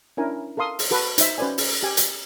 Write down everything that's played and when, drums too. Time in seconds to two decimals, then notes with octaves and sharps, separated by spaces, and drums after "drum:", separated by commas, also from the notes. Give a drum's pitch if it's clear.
0.17 C#4 D4 E4 A#4 G#5
0.57 A4 A#4 F5 C6 D#6
0.79 drum: open hi-hat
0.91 F#4 A4 B4
1.18 D#4 C5 E5, drum: hi-hat
1.38 C#4 F#4 B4 C5 D5 G#5
1.58 drum: open hi-hat
1.83 G4 G#5
1.97 drum: hi-hat